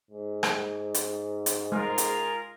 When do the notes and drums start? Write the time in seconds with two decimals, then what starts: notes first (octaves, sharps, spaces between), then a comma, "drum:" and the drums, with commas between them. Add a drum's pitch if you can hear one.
0.11 G#2
0.43 drum: rim click
0.94 drum: hi-hat
1.46 drum: hi-hat
1.72 G#3 F4 G#4 A#4
1.98 drum: hi-hat